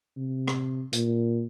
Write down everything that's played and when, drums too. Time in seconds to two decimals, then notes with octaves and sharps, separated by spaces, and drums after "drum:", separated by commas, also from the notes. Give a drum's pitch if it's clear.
0.17 C3
0.47 drum: rim click
0.93 A#2, drum: hi-hat